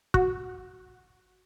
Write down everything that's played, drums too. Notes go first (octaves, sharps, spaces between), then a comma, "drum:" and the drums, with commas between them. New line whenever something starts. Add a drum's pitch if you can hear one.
F#4, drum: kick